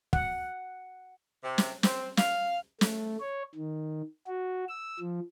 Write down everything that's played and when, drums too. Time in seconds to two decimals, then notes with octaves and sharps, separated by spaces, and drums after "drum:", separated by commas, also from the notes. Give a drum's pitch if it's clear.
0.13 F#5, drum: kick
1.44 C3
1.58 drum: snare
1.83 C4, drum: snare
2.17 F5, drum: snare
2.81 A3, drum: snare
3.21 C#5
3.55 D#3
4.27 F#4
4.68 E6
5.00 F3